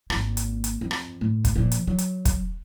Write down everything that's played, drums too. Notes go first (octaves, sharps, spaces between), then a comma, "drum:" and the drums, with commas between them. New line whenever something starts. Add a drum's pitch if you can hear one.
G#1 A#3, drum: rim click
drum: hi-hat
drum: hi-hat
F2
drum: rim click
A2
drum: kick, hi-hat
A#2 F3
drum: hi-hat
F#3
drum: hi-hat
drum: kick, hi-hat